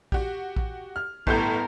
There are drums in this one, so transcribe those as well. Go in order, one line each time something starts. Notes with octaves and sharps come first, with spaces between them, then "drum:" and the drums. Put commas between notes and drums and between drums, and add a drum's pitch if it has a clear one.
F#4 G4, drum: kick
drum: kick
F6
G1 A2 B3 A#4 G6, drum: kick